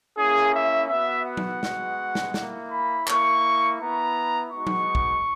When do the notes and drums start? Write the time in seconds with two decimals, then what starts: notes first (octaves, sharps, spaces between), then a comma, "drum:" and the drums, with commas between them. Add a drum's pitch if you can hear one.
0.17 A#3 C#4 E4 G#4
0.53 E5
0.89 B3 F#4 E5
1.26 F#5
1.37 drum: tom F#3
1.63 G#3 B3 F#4, drum: snare
2.15 drum: snare
2.34 A#3 E4, drum: snare
2.70 B5
3.08 A#3 E4 C#6, drum: clap
3.80 B3 E4 A#5
4.52 G#3 B3 D#4 F#4 C#6
4.67 drum: tom F#3
4.95 drum: kick